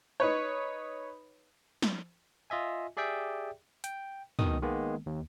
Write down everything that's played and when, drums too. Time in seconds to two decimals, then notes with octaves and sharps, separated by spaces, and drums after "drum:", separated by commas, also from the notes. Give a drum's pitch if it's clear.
0.20 D#4 B4 C#5
1.82 drum: snare
2.50 F4 D#5 E5 G#5
2.97 G4 G#4 D5 E5 G5
3.84 G5, drum: hi-hat
4.39 B2 D#3 D#6, drum: tom
4.62 D#3 G#3 A#3 B3
5.06 D#2